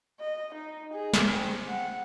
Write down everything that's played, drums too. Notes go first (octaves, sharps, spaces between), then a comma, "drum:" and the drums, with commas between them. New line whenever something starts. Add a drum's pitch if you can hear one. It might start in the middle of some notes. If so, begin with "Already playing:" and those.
D#5
D#4
G#4
drum: snare
C4
F#5